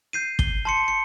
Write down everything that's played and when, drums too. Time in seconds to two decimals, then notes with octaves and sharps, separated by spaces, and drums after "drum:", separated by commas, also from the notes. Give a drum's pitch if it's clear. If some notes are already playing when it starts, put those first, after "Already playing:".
0.13 G6 C7 D#7
0.39 G7, drum: kick
0.65 A5 C6 C#7
0.88 C#7